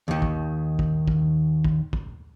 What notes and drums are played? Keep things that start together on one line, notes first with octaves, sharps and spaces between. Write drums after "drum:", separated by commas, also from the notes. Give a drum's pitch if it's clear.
D#2 D#3
drum: kick
drum: kick
drum: kick
drum: kick
drum: kick